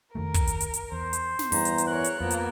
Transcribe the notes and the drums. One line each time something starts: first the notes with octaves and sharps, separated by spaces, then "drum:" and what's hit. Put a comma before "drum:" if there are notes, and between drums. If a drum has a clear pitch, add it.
F2 D#3 A3 A#4
drum: kick, hi-hat
drum: hi-hat
drum: hi-hat
drum: hi-hat
E2 C5
drum: hi-hat
drum: snare
E2 G2 A#5, drum: open hi-hat
drum: hi-hat
drum: hi-hat
A#4 C#5 F#6
drum: hi-hat
F2 F3 A#3 B3
drum: hi-hat